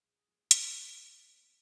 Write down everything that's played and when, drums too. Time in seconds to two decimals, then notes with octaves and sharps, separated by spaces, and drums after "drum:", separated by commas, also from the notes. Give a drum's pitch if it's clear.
0.03 A#1 G#4
0.27 G#2 F3 A#3
0.51 A#1, drum: hi-hat
0.75 G#2 F3 A#3
1.00 F1 C5
1.25 E2 C3 E3 A#3